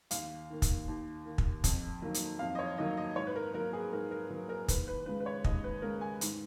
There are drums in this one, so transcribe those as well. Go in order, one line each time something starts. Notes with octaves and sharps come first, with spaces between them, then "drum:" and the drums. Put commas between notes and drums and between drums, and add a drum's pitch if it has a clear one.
D#2 F5, drum: hi-hat
D#3 A#3
drum: kick, hi-hat
D#2
D#3 A#3
drum: kick
F2, drum: kick, hi-hat
D#3 F#3 A#3
drum: hi-hat
F2 F5
D#5
C#5
D#3 F#3 A#3 D#5
D#5
G#2 C#5
B4
A#4
F#3 A#3 A#4
G#4
G#2 A#4
A#4
F#3 A#3
A#4
D#2 B4, drum: kick, hi-hat
B4
C#3 G#3 B4
B4
C#5
D#2 D#5, drum: kick
B4
C#3 G#3 A#4
G#5
G#2, drum: hi-hat